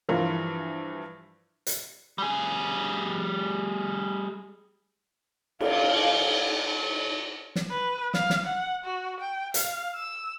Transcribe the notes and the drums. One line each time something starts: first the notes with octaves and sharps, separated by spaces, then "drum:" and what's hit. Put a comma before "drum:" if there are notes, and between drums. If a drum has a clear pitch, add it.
G2 E3 F3 F4 A#4
drum: hi-hat
G3 G#4
F5, drum: cymbal
drum: snare
B4
F5, drum: snare
drum: snare
F#5
F#4
G5
F5, drum: hi-hat
E6